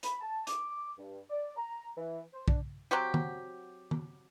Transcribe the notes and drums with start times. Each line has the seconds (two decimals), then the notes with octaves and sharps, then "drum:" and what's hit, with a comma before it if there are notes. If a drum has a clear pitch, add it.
0.03 B5, drum: hi-hat
0.21 A5
0.47 D6, drum: hi-hat
0.98 G2
1.30 D5
1.56 A#5
1.97 E3
2.33 C5
2.48 D4, drum: kick
2.91 F#3 C4 F#4 G4
3.14 drum: tom D#3
3.91 drum: tom D#3